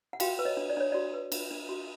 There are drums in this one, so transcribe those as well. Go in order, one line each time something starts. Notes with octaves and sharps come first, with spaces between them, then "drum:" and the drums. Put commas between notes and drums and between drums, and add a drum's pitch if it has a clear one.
F#5
F#4 F5 G5, drum: cymbal
B4
C#5 D#5
D4
D5
D4 C#5
F#4 D5
B4
D4, drum: cymbal
D4
F#4